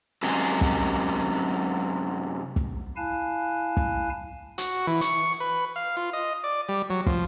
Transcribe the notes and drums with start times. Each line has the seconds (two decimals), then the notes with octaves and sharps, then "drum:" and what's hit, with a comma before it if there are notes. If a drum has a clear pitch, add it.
0.23 F#2 C3 G#3
0.61 drum: kick
2.56 drum: kick
2.96 E4 F5 G#5 A5 F#6
3.77 drum: kick
4.58 F#4, drum: hi-hat
4.87 E3
5.01 C#6, drum: hi-hat
5.40 B4
5.76 F5
5.97 F4
6.13 D#5
6.44 D5
6.69 G3
6.90 F#3
7.06 F3, drum: kick